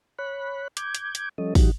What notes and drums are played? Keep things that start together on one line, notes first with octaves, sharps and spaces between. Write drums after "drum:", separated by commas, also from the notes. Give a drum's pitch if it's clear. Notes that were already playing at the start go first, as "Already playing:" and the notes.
C#5 B5 F#6
D6 G6 G#6, drum: hi-hat
drum: hi-hat
drum: hi-hat
F3 G3 C#4 A4 D#5
A2 E3 F#3 D#4 F#4 G4, drum: kick, open hi-hat